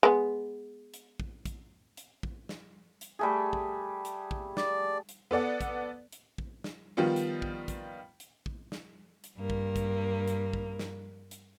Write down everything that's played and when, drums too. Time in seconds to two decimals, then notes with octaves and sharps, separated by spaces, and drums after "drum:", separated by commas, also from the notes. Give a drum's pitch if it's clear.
0.03 G#3 B3
0.94 drum: hi-hat
1.20 drum: kick
1.46 drum: kick, hi-hat
1.97 drum: hi-hat
2.23 drum: kick
2.49 drum: snare
3.01 drum: hi-hat
3.19 G3 A3 G#4
3.53 drum: kick
4.05 drum: hi-hat
4.31 drum: kick
4.57 D5, drum: snare
5.09 drum: hi-hat
5.31 B3 A4 D5 F#5
5.61 drum: kick, hi-hat
6.12 drum: hi-hat
6.38 drum: kick
6.64 drum: snare
6.97 D#3 F3 G3 B3 F4
7.16 drum: hi-hat
7.42 drum: kick
7.68 drum: kick, hi-hat
8.20 drum: hi-hat
8.46 drum: kick
8.72 drum: snare
9.24 drum: hi-hat
9.38 G2 A#3
9.50 drum: kick
9.76 drum: kick, hi-hat
10.28 drum: hi-hat
10.53 drum: kick
10.79 drum: snare
11.31 drum: hi-hat